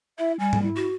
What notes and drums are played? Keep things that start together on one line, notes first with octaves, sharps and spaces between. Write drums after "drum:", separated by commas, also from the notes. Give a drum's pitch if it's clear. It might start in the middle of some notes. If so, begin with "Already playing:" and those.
E4 E5
G3 G#5
drum: tom G#2
E4
F#4